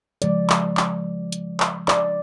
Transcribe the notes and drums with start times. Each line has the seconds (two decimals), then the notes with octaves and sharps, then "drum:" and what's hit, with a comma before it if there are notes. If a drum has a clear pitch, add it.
0.22 C#3 F3 G#3 D5, drum: hi-hat
0.50 drum: clap
0.77 drum: clap
1.32 drum: hi-hat
1.60 drum: clap
1.88 D5, drum: clap